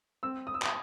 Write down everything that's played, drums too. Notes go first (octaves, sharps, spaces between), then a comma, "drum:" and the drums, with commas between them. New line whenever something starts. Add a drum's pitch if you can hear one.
C4 E6
D#6
E6
D#6, drum: clap